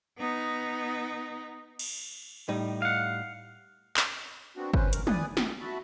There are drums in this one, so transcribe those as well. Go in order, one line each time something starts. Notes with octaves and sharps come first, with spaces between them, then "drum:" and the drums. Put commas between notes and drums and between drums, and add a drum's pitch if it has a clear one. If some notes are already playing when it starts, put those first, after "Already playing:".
B3 D#4
drum: cymbal
A2 G3 D#4
F5 F#5
drum: clap
B3 C4 D4 F#4
C#4 B4 C5, drum: kick G1
D2 A#4, drum: hi-hat
B4 D5 G#5 D#6, drum: tom
D#6, drum: snare
F#4 E5 A5 B5